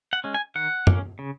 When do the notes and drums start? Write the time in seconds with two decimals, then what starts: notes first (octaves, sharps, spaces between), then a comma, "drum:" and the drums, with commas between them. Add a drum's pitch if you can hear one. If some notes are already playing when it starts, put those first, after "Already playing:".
0.13 F#5
0.24 G#3 C#4
0.34 G#5
0.55 D#3 F#5
0.87 A#3 C#4, drum: tom
1.19 C#3